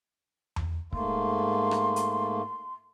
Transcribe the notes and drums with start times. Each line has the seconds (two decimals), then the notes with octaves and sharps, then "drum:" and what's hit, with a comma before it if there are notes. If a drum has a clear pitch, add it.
0.56 drum: tom E2
0.92 G#2 A3 A#3 C6, drum: kick C#1
1.71 drum: rim click
1.96 drum: hi-hat